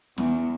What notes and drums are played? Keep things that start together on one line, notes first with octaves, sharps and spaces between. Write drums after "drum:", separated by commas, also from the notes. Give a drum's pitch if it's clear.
E2, drum: snare